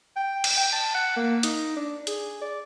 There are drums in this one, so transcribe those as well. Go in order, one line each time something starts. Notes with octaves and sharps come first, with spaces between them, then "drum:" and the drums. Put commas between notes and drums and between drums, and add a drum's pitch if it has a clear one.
G5
drum: cymbal
G5
A5
F#5
A#3
D#4, drum: hi-hat
D4
G#4, drum: hi-hat
D5